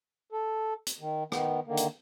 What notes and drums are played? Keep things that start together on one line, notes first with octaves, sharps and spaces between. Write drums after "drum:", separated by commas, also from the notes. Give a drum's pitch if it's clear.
A4
drum: hi-hat
D#3
D#3 B3, drum: rim click
D3 D#3 A#3
drum: hi-hat